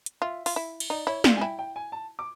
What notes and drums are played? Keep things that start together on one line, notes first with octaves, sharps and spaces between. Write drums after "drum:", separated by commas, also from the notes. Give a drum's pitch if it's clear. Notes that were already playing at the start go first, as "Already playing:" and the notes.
drum: hi-hat
F4 E5
F4, drum: open hi-hat
E4
drum: cymbal
D#4 D5
E4 C#5
F4 D5, drum: snare
G#5
E4 G5
G5
G#5
A5
D6